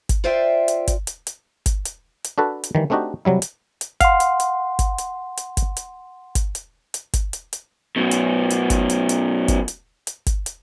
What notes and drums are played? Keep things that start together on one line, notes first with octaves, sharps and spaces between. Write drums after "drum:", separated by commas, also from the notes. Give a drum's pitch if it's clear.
drum: kick G1, hi-hat
F4 C5 D5 E5 G5
drum: hi-hat
drum: kick G1, hi-hat
drum: hi-hat
drum: hi-hat
drum: kick G1, hi-hat
drum: hi-hat
drum: hi-hat
D4 F#4 A4 B4
drum: hi-hat
D#3 E3 G3
A3 C4 D4 D#4 F#4 G4
C3 F#3 G3 E4
drum: hi-hat
drum: hi-hat
F5 F#5 C6, drum: kick G1, hi-hat
drum: hi-hat
drum: hi-hat
drum: kick G1, hi-hat
drum: hi-hat
drum: hi-hat
drum: kick G1, hi-hat
drum: hi-hat
drum: kick G1, hi-hat
drum: hi-hat
drum: hi-hat
drum: kick G1, hi-hat
drum: hi-hat
drum: hi-hat
F#2 B2
drum: hi-hat
drum: hi-hat
drum: kick G1, hi-hat
drum: hi-hat
drum: hi-hat
drum: kick G1, hi-hat
drum: hi-hat
drum: hi-hat
drum: kick G1, hi-hat
drum: hi-hat